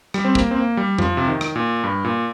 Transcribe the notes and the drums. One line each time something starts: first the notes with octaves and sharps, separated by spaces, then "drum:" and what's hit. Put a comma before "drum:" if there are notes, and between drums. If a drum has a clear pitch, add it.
G3, drum: rim click
C4
A#3, drum: kick
C4
A#3
G3
F3, drum: tom F2
C3
D#3
drum: rim click
A#2
G2
A#2